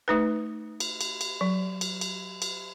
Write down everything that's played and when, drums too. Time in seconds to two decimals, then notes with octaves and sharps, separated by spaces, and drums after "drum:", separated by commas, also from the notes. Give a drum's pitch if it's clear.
0.08 A3 D#4 B4
0.80 drum: cymbal
1.01 drum: cymbal
1.21 drum: cymbal
1.41 F#3
1.81 drum: cymbal
2.01 drum: cymbal
2.42 drum: cymbal